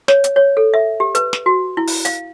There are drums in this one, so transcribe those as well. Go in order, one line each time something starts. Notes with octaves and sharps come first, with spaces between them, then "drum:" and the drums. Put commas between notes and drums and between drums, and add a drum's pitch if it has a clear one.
C#5, drum: snare
drum: hi-hat
C#5
A4
E5
G4
B4, drum: hi-hat
drum: snare
F#4
E4
drum: open hi-hat
F5, drum: hi-hat